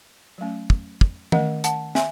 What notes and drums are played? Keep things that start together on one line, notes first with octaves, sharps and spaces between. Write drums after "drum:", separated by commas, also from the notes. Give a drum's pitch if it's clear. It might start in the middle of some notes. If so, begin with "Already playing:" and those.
F#3 A3 C#4
drum: kick
drum: kick
D#3 A3 C#4 D#5 F#5, drum: tom
F#5 A5, drum: hi-hat
E5 G#5, drum: snare